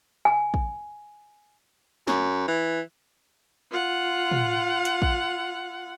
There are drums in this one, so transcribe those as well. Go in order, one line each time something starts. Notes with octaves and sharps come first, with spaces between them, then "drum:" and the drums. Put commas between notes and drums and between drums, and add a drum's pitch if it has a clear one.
G#5
drum: kick
F#2, drum: snare
E3
F4 F#5
drum: tom
drum: hi-hat
drum: kick